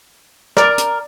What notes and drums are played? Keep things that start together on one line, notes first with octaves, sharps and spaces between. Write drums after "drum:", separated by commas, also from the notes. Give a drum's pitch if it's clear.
A#4 D5, drum: rim click
drum: hi-hat